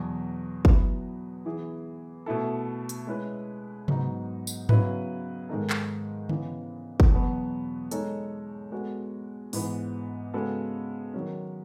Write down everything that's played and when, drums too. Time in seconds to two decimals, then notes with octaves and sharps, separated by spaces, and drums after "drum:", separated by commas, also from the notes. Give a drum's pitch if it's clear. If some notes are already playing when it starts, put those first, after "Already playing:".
Already playing: E2 B2 F#3
0.65 F#3 B3 E4, drum: kick
1.45 E3 B3 E4 G#4
2.26 B2 A3 E4 A4
2.89 drum: hi-hat
3.07 G#3 C#4 E4 B4
3.88 G#2 F#3 B3 D#4, drum: tom C3
4.47 drum: tambourine
4.69 C#3 F#3 B3 E4 B4, drum: tom G#2
5.49 G#2 D#3 G#3 D#4 A4
5.70 drum: clap
6.29 C#3 E3 B3, drum: tom D3
7.00 drum: kick
7.11 E2 B2 F#3 B3
7.91 G#3 D#4 A4 C#5, drum: hi-hat
8.72 G#3 B3 F#4 A4
9.53 G#2 E3 B3, drum: open hi-hat
10.34 C#3 G#3 B3 F#4 A4
11.14 D#3 F#3 C#4